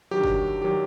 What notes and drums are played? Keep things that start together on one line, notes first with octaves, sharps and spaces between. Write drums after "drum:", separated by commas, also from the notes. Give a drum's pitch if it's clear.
G2 D#3 F#3 G4
drum: kick
D#3 F#3 G4